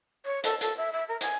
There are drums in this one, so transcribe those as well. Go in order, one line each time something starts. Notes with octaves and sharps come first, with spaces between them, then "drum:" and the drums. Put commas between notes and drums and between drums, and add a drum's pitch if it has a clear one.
C#5
A4, drum: hi-hat
A4, drum: hi-hat
E5
E5
A#4
G#5, drum: hi-hat